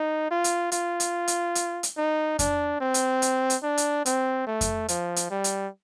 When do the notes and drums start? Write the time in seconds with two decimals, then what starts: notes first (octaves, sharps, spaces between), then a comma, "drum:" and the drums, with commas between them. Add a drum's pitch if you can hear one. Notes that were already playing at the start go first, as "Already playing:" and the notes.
Already playing: D#4
0.31 F4
0.44 drum: hi-hat
0.72 F4, drum: hi-hat
1.00 drum: hi-hat
1.28 drum: hi-hat
1.55 drum: hi-hat
1.83 drum: hi-hat
1.97 D#4
2.39 D4, drum: kick F2, hi-hat
2.81 C4
2.94 drum: hi-hat
3.22 drum: hi-hat
3.50 drum: hi-hat
3.63 D4
3.78 drum: hi-hat
4.06 C4, drum: hi-hat
4.47 A3
4.61 drum: kick F2, hi-hat
4.88 F3, drum: hi-hat
5.16 drum: hi-hat
5.30 G3
5.44 drum: hi-hat